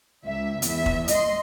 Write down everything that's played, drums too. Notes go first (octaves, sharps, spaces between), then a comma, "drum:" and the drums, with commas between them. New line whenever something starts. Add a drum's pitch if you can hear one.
C#2 E5
E2 E5, drum: hi-hat
drum: kick
D#5 C6, drum: hi-hat